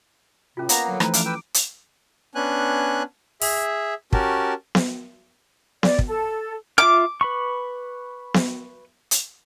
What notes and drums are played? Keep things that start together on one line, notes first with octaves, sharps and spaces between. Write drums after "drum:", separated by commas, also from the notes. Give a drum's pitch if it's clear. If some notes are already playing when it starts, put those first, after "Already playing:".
D#2 A2 C3 C#4 F4
A#3 B3 C#5 A#5, drum: hi-hat
F2 D3 F#3
E3 F3 A3 C4 D#4 B4 D5 A#5, drum: rim click
C#4 D4 E4 F5 D6, drum: hi-hat
B4 G5 E6
drum: hi-hat
B3 C#4 D4 G#5 F#6
G#4 E5, drum: open hi-hat
C#4 F#4 G4 A#4 A5, drum: kick
drum: snare B3
D5, drum: snare B3
drum: kick
A4
F4 E5 D6 F6
B4 B5 C#6
drum: snare B3
drum: hi-hat